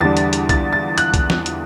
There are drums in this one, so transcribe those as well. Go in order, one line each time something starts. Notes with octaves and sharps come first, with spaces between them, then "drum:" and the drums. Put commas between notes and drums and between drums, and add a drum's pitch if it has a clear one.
E2 D3 G3 D4 A6
drum: hi-hat
drum: hi-hat
A6, drum: kick B1, hi-hat
A6
F#6, drum: hi-hat
drum: kick B1, hi-hat
drum: snare
drum: hi-hat